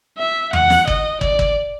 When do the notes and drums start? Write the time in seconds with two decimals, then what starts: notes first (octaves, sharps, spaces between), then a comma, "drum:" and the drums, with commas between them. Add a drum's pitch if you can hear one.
0.18 E5
0.53 F#5, drum: tom E2
0.70 drum: snare
0.87 D#5, drum: kick
1.21 D5, drum: kick
1.39 drum: kick